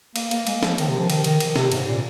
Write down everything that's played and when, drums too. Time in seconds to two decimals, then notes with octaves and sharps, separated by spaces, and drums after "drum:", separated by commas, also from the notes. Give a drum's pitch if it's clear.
0.16 A#3, drum: cymbal
0.31 A#3, drum: cymbal
0.47 G#3, drum: cymbal
0.63 F3, drum: snare
0.78 D#3, drum: cymbal
0.89 C3
0.99 F3
1.10 D#3, drum: cymbal
1.24 D#3, drum: cymbal
1.40 drum: cymbal
1.56 C3, drum: snare
1.72 G#2, drum: cymbal
1.87 A#2